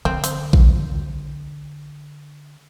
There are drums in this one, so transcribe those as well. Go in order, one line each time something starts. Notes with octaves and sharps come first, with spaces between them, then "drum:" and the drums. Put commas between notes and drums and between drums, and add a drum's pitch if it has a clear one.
D3 C4
C4, drum: hi-hat
drum: kick A#1